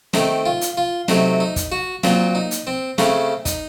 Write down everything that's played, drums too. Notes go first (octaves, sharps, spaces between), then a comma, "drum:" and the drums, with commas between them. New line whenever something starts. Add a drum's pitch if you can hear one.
D#3 A3 C4 D#4, drum: snare
F4
drum: hi-hat
F4
C3 F#3 A3 C4 D#4, drum: snare
D#4
drum: kick, hi-hat
F#4
A#2 F#3 C4 F4, drum: snare
D#4
drum: hi-hat
C4
C#3 A3 C4 C#4, drum: snare
D#4, drum: kick, hi-hat